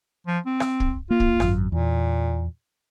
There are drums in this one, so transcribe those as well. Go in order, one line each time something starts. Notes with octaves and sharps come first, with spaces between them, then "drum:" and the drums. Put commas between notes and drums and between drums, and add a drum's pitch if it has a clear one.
F3
C4
drum: rim click
drum: kick
A#3 F4
drum: kick
G#1 F#2, drum: rim click
E2 A#2